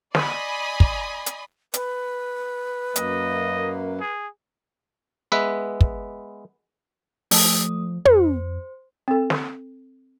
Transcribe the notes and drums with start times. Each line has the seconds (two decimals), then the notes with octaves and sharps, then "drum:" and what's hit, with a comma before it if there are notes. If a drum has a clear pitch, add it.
0.15 D5 D#5 G#5 B5 C6 D#6, drum: snare
0.80 drum: kick
1.26 drum: hi-hat
1.74 B4, drum: hi-hat
2.96 F#2 F#3 A#3 D#5, drum: hi-hat
4.00 G#4
5.32 G#3 B3 B4 E5
5.81 drum: kick
7.31 F3 A3 D#6, drum: open hi-hat
8.05 F2 C5, drum: tom
9.08 C4 A4
9.30 drum: snare